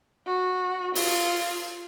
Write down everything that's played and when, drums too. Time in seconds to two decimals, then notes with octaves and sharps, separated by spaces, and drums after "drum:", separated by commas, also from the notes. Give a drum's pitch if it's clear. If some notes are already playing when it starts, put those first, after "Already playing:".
0.27 F#4
0.95 F4, drum: open hi-hat